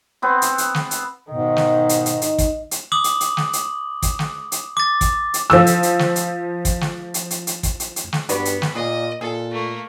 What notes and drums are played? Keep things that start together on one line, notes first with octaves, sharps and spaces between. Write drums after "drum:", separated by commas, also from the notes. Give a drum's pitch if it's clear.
B3 C4
drum: hi-hat
drum: hi-hat
drum: snare
drum: hi-hat
G#2 B2 D#3
drum: snare
drum: hi-hat
drum: hi-hat
D#4, drum: hi-hat
drum: kick, hi-hat
drum: hi-hat
D6 D#6 F#7
drum: hi-hat
drum: hi-hat
drum: snare
drum: hi-hat
drum: kick, hi-hat
drum: snare
drum: hi-hat
D6 A6
drum: kick, hi-hat
drum: hi-hat
F3 E6, drum: snare
drum: hi-hat
drum: hi-hat
drum: snare
drum: hi-hat
drum: kick, hi-hat
drum: snare
drum: hi-hat
drum: hi-hat
drum: hi-hat
drum: kick, hi-hat
drum: hi-hat
drum: hi-hat
drum: snare
G2 B3 F#4 B4 D5, drum: hi-hat
drum: hi-hat
drum: snare
A#2 G#4 D5 D#5
A#2 G#4 A4
A3 A#3